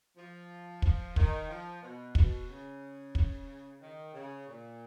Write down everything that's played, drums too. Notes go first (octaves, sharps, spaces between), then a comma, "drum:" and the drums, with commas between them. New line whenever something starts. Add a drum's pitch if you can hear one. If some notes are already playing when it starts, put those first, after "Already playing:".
F3
F3, drum: kick
D#3, drum: kick
F3
B2
B2, drum: kick
C#3
drum: kick
D#3
C#3
A#2